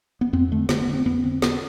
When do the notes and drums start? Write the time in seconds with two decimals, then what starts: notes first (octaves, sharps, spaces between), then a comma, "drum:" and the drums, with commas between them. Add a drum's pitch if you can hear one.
0.21 B3
0.33 F2 C4
0.51 D3 A3
0.69 D3 B3, drum: snare
0.81 B3
0.87 D3
0.94 C4
1.05 F2 B3
1.24 D3 C4
1.42 D3 B3, drum: snare